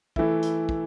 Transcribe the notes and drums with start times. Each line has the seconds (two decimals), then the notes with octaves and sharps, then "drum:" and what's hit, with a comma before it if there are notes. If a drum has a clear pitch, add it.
0.16 E3 A3 E4, drum: kick
0.42 drum: hi-hat
0.69 drum: kick